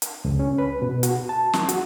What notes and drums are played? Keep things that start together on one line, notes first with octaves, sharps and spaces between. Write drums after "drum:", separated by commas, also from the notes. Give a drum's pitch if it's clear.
drum: hi-hat
C#2
C#4
B4
B2
F#4, drum: hi-hat
A5
drum: snare
F#4, drum: hi-hat